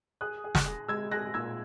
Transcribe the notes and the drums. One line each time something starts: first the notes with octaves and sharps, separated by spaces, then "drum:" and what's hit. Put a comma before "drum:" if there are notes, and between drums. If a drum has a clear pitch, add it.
G#4 D#6 F#6
G#4
F#6 A#6, drum: snare
G#4
G#3 E6 G#6
G#4 F#6 A#6
A#2 E6 G#6